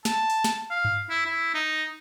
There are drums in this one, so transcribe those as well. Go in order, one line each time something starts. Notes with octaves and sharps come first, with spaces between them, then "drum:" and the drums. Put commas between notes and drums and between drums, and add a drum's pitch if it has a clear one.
A5, drum: snare
drum: open hi-hat
drum: snare
F5
drum: tom G2
E4
E4
D#4